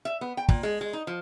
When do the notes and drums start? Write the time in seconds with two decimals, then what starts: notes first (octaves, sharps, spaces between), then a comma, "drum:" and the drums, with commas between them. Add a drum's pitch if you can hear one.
0.05 E5
0.21 B3
0.37 G5
0.49 A#2, drum: kick
0.63 G#3
0.81 G#3
0.93 D#4
1.07 F3